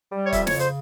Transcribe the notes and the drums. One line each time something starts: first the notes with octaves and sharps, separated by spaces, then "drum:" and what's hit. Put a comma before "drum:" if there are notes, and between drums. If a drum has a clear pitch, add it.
G3
C#5
F2 E5, drum: kick, hi-hat
C#5, drum: snare
C#3
C5, drum: hi-hat